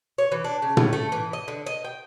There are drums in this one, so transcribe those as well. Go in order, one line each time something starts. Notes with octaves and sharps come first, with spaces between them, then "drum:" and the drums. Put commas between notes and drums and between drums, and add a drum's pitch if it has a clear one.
C#5
E3
D4
C#3
A2, drum: tom
A3
E3
D#5
D3
D#5
G5